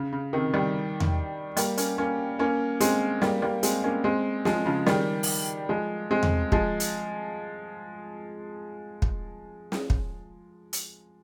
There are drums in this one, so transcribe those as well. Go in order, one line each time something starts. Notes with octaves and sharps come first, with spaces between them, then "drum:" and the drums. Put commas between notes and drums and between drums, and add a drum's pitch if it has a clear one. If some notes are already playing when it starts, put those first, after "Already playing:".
Already playing: C#3
C#3
C3 D#3
D#3 G3
drum: tom E2
G3 A#3, drum: hi-hat
A#3 C#4, drum: hi-hat
A#3 C#4
A#3 C#4
G#3 C4, drum: hi-hat
G3 A#3, drum: snare
G3 A#3
G#3 C4, drum: hi-hat
A#3 C#4
G#3 C4
F3 G#3, drum: snare
C#3 F3
D#3 G3, drum: snare
drum: open hi-hat
F3 G#3
G#3 C4
drum: tom E2
F3 G#3, drum: kick
drum: hi-hat
drum: kick
drum: snare
drum: kick
drum: hi-hat